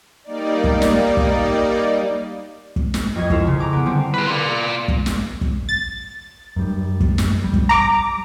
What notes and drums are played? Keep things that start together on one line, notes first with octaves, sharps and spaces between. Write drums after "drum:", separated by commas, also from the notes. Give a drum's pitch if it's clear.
G3 A#3 D#4 D5
drum: kick
drum: snare
drum: kick
drum: kick
drum: snare
F2 D#5 C#6 G#6
E4 F4 A4, drum: kick
C#3
A#5 D6
B3
D3 G3 C4
G#4 B4
F4 D5
drum: kick
drum: snare
drum: kick
A6
F#2 G3
drum: kick
drum: snare
G3
drum: kick
A#5 D6